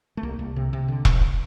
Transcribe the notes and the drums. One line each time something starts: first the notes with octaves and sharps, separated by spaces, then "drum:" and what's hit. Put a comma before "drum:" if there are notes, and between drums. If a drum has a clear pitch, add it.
A3
C2 A#3
C2
C3
C3
D3
A1, drum: kick E1